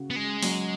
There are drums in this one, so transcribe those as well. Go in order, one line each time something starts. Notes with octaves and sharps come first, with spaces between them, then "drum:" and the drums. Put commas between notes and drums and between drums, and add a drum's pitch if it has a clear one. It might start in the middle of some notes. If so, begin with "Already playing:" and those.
Already playing: C#3 F#4
B3
C#3 G#3
F#3, drum: open hi-hat